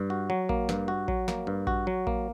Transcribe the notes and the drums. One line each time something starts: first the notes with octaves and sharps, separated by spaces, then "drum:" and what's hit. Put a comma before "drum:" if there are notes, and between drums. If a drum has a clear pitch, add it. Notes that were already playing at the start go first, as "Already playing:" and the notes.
Already playing: G2
F#4
F#3
A#3, drum: kick A1
G2, drum: snare
F#4
F#3, drum: kick A1
A#3, drum: snare
G2
F#4, drum: kick A1
F#3
A#3, drum: kick A1